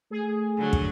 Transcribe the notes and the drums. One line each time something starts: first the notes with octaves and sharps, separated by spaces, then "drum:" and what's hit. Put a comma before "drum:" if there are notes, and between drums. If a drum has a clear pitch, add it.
A3 G#4
D3 F#3
drum: kick